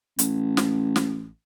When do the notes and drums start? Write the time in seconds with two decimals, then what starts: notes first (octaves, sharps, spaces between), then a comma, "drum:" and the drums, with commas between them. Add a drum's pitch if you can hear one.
0.19 A1, drum: hi-hat
0.57 drum: snare
0.96 drum: snare